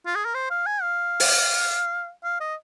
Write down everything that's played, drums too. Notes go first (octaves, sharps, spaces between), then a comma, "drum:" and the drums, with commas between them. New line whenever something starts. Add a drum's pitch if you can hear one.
F4
G#4
A#4
C5
F5
G#5
F5
drum: open hi-hat
F5
D#5